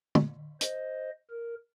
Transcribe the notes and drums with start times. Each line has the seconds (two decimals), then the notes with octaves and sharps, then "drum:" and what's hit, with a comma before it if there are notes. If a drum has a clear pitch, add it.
0.15 drum: tom
0.61 C5 D#5, drum: hi-hat
1.31 A#4